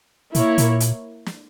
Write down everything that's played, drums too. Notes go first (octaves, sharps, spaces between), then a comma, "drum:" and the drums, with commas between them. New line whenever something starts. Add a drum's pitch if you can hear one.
A#2 A#3 E4 A#4 C#5, drum: hi-hat
A#2, drum: hi-hat
drum: hi-hat
drum: snare